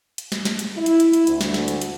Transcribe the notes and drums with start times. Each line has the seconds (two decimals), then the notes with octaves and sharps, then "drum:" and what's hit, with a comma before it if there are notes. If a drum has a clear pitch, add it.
0.18 drum: hi-hat
0.32 drum: snare
0.45 drum: snare
0.59 drum: hi-hat
0.76 E4
0.86 drum: hi-hat
1.00 drum: hi-hat
1.13 drum: hi-hat
1.27 D2, drum: hi-hat
1.41 drum: snare
1.54 drum: snare
1.68 drum: hi-hat
1.81 drum: hi-hat